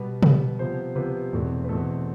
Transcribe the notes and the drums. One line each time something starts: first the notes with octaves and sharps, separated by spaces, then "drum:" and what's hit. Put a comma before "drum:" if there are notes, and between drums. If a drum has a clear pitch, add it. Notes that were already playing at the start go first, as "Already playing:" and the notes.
Already playing: B2 G3 B3 B4
B2 G3 B3, drum: tom
C3 F3 B3 C5
C3 F3 B3 B4
E2 B2 A3 C4
B4
E2 B2 A3 C4 A4